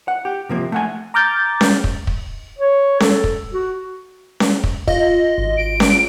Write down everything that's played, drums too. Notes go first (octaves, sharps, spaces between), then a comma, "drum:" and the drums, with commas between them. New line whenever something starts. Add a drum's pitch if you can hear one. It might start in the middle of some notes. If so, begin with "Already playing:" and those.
F#5
G4
C3 F3 A#3
A3 F#5 G#5
A#5 D6 F6 G6 A6
drum: snare C#4
drum: kick
drum: kick
C#5
A4, drum: snare C#4
drum: kick
F#4
drum: snare C#4
drum: kick
F4 D#5, drum: kick
G#1
D7
drum: snare C#4